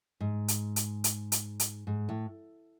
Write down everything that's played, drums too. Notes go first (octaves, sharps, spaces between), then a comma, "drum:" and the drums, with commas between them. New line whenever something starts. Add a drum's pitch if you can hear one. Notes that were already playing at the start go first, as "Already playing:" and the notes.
G#2
drum: hi-hat
drum: hi-hat
drum: hi-hat
drum: hi-hat
drum: hi-hat
G#2
A2